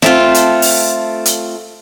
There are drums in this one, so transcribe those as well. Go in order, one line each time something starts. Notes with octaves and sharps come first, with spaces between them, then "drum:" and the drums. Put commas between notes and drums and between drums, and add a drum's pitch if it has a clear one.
A3 C4 F4, drum: snare
drum: hi-hat
drum: open hi-hat
drum: hi-hat